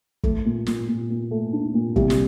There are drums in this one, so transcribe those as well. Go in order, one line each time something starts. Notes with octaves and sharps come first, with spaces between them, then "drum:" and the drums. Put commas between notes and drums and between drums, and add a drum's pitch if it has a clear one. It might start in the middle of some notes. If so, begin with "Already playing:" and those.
A3, drum: kick
A#2
A#2, drum: snare
A#2
A#2
A3
D4
A#2
C2, drum: kick
drum: snare